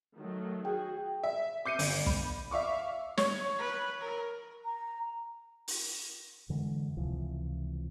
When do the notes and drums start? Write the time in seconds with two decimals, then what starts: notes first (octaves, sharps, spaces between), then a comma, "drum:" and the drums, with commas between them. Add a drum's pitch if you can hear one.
0.15 D#3 F#3 A3
0.65 F#4 G#4 G5
1.24 E5
1.65 D6 G6 C7 C#7 D#7
1.79 G1, drum: open hi-hat
2.06 B5, drum: kick
2.51 E5 F5 C#6 D6
3.17 C#5, drum: snare
3.59 B4
4.01 A#4
4.65 A#5
5.68 drum: open hi-hat
6.49 F2 D3 E3 G#3
6.97 C#2 C3 E3 F3